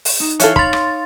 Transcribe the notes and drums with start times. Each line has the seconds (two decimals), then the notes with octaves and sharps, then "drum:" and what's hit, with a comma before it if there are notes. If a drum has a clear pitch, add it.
0.05 drum: open hi-hat
0.20 D#4
0.40 E3 E4 A4 C#5 F5, drum: hi-hat
0.56 B5 C6 A6, drum: kick
0.73 drum: rim click